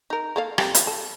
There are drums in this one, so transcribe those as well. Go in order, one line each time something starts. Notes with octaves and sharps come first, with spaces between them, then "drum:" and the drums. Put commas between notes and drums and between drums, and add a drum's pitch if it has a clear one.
D#4 A#4
A#3 A4 F5
C4 G4, drum: rim click
F3, drum: hi-hat
A4